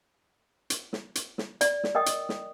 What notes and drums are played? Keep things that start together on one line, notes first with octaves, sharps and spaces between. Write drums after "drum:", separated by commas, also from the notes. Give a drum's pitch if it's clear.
drum: hi-hat
drum: snare
drum: hi-hat
drum: snare
D5, drum: hi-hat
drum: snare
A#4 D#5 G5 D#6
drum: hi-hat
drum: snare